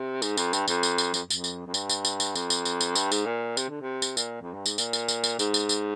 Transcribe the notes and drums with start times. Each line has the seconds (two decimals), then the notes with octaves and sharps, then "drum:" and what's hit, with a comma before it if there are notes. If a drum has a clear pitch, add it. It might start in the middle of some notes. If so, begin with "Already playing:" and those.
Already playing: C3
0.22 G#2, drum: tambourine
0.37 F2, drum: tambourine
0.53 G2, drum: tambourine
0.68 F2, drum: tambourine
0.83 drum: tambourine
0.98 drum: tambourine
1.14 F2, drum: tambourine
1.30 F2, drum: tambourine
1.44 drum: tambourine
1.66 F2
1.74 G2, drum: tambourine
1.89 drum: tambourine
2.05 drum: tambourine
2.20 drum: tambourine
2.35 F2, drum: tambourine
2.50 drum: tambourine
2.65 drum: tambourine
2.81 drum: tambourine
2.95 G2, drum: tambourine
3.12 G#2, drum: tambourine
3.26 A#2
3.57 C3, drum: tambourine
3.69 D3
3.81 C3
4.02 drum: tambourine
4.17 A#2, drum: tambourine
4.41 F2
4.54 G2
4.66 G#2, drum: tambourine
4.78 A#2, drum: tambourine
4.93 drum: tambourine
5.08 drum: tambourine
5.24 drum: tambourine
5.39 G#2, drum: tambourine
5.54 drum: tambourine
5.69 drum: tambourine